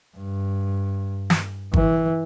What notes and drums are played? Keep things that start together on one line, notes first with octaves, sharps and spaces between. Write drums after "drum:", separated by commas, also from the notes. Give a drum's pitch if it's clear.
G2
drum: snare
E3, drum: kick G1